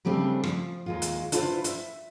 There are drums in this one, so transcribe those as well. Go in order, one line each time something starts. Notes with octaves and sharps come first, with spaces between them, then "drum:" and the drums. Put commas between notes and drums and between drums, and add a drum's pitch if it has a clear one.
C#3 G3 A3 C4 D4
F3, drum: rim click
D#2 G#3 F4
drum: hi-hat
D4 E4 F4 A4 B4 C5, drum: hi-hat
E5, drum: hi-hat